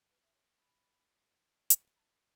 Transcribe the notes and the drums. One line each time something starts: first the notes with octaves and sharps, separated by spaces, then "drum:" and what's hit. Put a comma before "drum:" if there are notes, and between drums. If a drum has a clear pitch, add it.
B4
E5
C#5
B5
drum: hi-hat
B5
A5